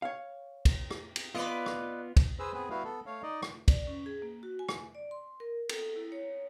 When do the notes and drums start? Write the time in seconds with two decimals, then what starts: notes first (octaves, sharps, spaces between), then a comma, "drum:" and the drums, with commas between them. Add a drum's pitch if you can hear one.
0.02 C#5 F5
0.65 drum: kick, cymbal
0.91 drum: rim click
1.16 drum: cymbal
1.35 B3 F4 B4 D5 D#5
1.66 drum: rim click
2.17 drum: kick, cymbal
2.39 G#4 B4 C5 E6
2.54 B3 C4 G#4 B4
2.70 G3 B3 E4 F#4 B4 F5
2.84 B3 A4
3.06 A3 C#5 F5
3.23 D#4 D5 D#5
3.43 drum: rim click
3.68 D5, drum: kick, cymbal
3.87 C#4
4.06 G#4
4.22 A#3
4.43 F#4
4.59 G#5
4.69 drum: rim click
4.95 D5
5.11 C6
5.40 A#4
5.69 A4, drum: cymbal
5.96 E4
6.12 C#5